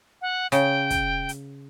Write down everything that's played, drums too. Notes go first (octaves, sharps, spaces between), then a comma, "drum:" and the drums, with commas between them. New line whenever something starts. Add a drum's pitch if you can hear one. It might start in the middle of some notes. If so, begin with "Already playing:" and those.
F#5
C#3 G5, drum: hi-hat
drum: kick, hi-hat
drum: hi-hat